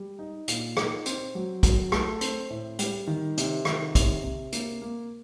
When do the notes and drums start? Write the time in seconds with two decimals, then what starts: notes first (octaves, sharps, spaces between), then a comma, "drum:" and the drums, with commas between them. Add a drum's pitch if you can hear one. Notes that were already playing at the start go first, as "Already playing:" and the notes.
Already playing: G3
0.19 D#4
0.48 A#2, drum: hi-hat
0.77 D#4, drum: rim click
1.06 C4, drum: hi-hat
1.35 F#3
1.63 F#3, drum: kick, hi-hat
1.92 A3, drum: rim click
2.21 C4, drum: hi-hat
2.50 A2
2.79 G3, drum: hi-hat
3.07 D#3
3.38 C3, drum: hi-hat
3.65 D#3, drum: rim click
3.95 C3, drum: kick, hi-hat
4.24 C3
4.52 A#3, drum: hi-hat
4.82 A#3